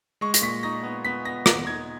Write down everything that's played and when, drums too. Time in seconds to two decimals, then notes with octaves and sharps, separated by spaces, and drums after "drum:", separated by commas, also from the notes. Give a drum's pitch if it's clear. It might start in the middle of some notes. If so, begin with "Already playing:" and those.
0.21 G#3 C#6
0.34 A#6, drum: hi-hat
0.42 A#2 B6
0.63 D#4 A#6
0.83 B3
1.04 B3 B6
1.25 B3 A#6
1.46 A#2 A#6, drum: rim click
1.67 D#4 G#6